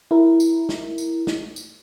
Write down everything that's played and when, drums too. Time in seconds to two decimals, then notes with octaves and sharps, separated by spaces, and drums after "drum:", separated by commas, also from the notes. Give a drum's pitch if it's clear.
0.11 E4 A#4
0.40 drum: tambourine
0.69 drum: snare
0.98 drum: tambourine
1.27 drum: snare
1.56 drum: tambourine